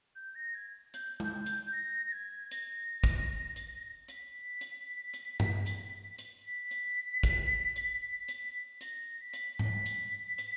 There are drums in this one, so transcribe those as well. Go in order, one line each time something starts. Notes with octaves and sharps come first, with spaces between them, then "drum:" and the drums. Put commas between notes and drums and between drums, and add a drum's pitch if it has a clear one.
G6
A#6
G#6
G6, drum: hi-hat
drum: tom G#3
G6
drum: hi-hat
A#6
A#6
G#6
A#6, drum: hi-hat
drum: kick, hi-hat
drum: hi-hat
B6, drum: hi-hat
drum: hi-hat
drum: hi-hat
drum: tom G2
drum: hi-hat
drum: hi-hat
B6
drum: hi-hat
drum: kick, hi-hat
drum: hi-hat
drum: hi-hat
A#6, drum: hi-hat
B6
drum: hi-hat
B6, drum: tom G#2
drum: hi-hat
drum: hi-hat